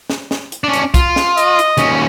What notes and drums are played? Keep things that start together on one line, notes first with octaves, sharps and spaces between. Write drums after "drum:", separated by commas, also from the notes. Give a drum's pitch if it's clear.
drum: snare
drum: snare
drum: hi-hat
C#4 D4
drum: hi-hat
F4, drum: kick, hi-hat
drum: snare
D#5, drum: hi-hat
drum: hi-hat
D#2 C#4, drum: hi-hat